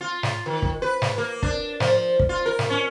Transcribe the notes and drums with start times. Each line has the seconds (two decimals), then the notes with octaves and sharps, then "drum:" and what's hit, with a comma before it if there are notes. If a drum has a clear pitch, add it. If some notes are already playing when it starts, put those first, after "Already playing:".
0.01 F4
0.23 drum: snare
0.46 D#3
0.62 drum: kick
0.82 B4
1.02 drum: snare
1.18 A#3
1.43 D4, drum: kick
1.80 F3, drum: snare
2.19 drum: kick
2.29 F4
2.46 A#4
2.59 drum: snare
2.70 C#4